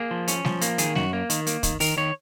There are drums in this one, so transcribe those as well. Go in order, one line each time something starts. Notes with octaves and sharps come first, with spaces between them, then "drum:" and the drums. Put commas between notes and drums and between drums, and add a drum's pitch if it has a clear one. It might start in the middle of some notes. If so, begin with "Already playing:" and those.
Already playing: A#3 G#4
F3
C#4, drum: hi-hat
F3, drum: snare
A#3, drum: hi-hat
D#3 G#4, drum: hi-hat
F#2 F#4, drum: snare
A#3
D#3, drum: hi-hat
A#3, drum: hi-hat
D#3, drum: kick, hi-hat
D#3 A#4, drum: open hi-hat
D#3 C#5